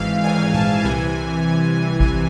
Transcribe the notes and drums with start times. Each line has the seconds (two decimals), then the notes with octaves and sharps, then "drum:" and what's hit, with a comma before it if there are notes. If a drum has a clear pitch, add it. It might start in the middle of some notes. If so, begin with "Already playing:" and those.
Already playing: G#1 G#2 E3 F5
0.24 G#5, drum: cymbal
0.54 A5, drum: tom A#2
0.85 C2 C3 E3 G#5
2.00 drum: kick G#1